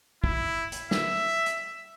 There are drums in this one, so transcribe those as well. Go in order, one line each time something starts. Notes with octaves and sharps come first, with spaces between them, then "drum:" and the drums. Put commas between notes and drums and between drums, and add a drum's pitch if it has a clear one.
E4, drum: kick
drum: hi-hat
E5, drum: snare
drum: hi-hat